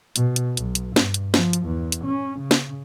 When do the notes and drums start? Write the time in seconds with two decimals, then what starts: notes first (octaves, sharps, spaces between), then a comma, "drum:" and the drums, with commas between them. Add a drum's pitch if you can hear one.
0.16 B2, drum: hi-hat
0.36 drum: hi-hat
0.57 B1, drum: hi-hat
0.75 drum: hi-hat
0.96 G2, drum: snare
1.14 drum: hi-hat
1.34 F3, drum: snare
1.53 drum: hi-hat
1.66 E2
1.92 drum: hi-hat
2.04 C#4
2.39 C#3
2.51 drum: snare